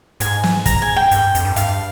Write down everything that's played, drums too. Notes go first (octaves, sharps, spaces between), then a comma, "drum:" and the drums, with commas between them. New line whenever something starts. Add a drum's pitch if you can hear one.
G#2 G#5, drum: hi-hat
drum: snare
A#5, drum: kick, hi-hat
G#5
G5
G2, drum: hi-hat
F2, drum: hi-hat
G2
G2 F5, drum: hi-hat